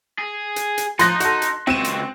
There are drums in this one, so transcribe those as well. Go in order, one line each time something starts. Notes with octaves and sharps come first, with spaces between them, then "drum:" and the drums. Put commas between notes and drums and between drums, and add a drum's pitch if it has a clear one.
G#4
drum: hi-hat
drum: hi-hat
F3 D#4 C6 F#6 A#6, drum: hi-hat
F#4 A4, drum: hi-hat
drum: hi-hat
C#2 C4 F#4 D#7 E7
drum: hi-hat